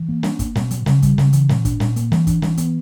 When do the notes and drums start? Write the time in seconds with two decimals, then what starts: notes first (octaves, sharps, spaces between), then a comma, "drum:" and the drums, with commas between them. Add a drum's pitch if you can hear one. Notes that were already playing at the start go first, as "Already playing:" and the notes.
Already playing: E3
0.09 A#3
0.23 D4, drum: snare
0.39 A#3, drum: kick, hi-hat
0.55 B2, drum: snare
0.71 F#3, drum: hi-hat
0.86 C#3, drum: snare
1.02 G3, drum: kick, hi-hat
1.18 C#3, drum: snare
1.33 E3, drum: hi-hat
1.49 A#2, drum: snare
1.65 D4, drum: kick, hi-hat
1.80 A#2, drum: snare
1.96 A#3, drum: hi-hat
2.12 E3, drum: snare
2.27 D4, drum: kick, hi-hat
2.42 E3, drum: snare
2.57 B3, drum: hi-hat